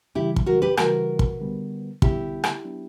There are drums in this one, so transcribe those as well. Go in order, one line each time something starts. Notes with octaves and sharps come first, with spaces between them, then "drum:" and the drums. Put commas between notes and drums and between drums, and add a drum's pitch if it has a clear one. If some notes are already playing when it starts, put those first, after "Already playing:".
C#3 E3 G3 E4 G4
drum: kick
F#4 A#4
G4 B4
C#3 E3 G3 F#4 A#4, drum: rim click
drum: kick
D3 G3 B3
D3 G3 B3 E4 G4, drum: kick
drum: rim click
F#3 B3 D4